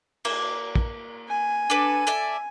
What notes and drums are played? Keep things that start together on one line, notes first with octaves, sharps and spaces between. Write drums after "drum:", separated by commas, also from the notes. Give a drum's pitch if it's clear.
A#3, drum: cymbal
drum: kick
G#5
D4 A4 B4
A4 D5 E5